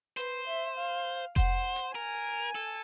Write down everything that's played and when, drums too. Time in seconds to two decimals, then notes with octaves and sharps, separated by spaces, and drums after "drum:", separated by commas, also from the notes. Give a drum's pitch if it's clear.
0.17 B4 C5, drum: hi-hat
0.47 E5
0.77 F5
1.36 C5 F#5, drum: kick F1, hi-hat
1.76 drum: hi-hat
1.95 A#4 G#5
2.55 A4